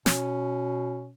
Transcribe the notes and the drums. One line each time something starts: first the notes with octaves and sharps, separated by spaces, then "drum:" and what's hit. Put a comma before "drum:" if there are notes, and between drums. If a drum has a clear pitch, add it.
B2 C#4, drum: snare